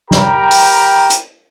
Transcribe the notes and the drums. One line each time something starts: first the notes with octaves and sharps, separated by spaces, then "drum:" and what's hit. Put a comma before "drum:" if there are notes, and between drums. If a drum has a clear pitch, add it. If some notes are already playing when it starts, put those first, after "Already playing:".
G4 A#4 G5 A#5 B5, drum: snare
drum: open hi-hat
drum: hi-hat